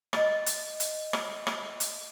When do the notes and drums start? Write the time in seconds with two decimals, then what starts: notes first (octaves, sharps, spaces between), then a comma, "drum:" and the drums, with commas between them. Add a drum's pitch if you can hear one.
0.13 D#5 A6, drum: rim click
0.46 drum: hi-hat
0.80 drum: hi-hat
1.13 drum: rim click
1.47 drum: rim click
1.80 drum: hi-hat